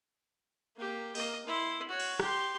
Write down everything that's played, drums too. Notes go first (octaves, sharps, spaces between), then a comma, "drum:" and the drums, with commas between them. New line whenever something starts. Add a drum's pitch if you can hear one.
A#3 G4
A#3 D#5, drum: open hi-hat
E4 C6
F#4 C#5
drum: cymbal
G4 C6, drum: rim click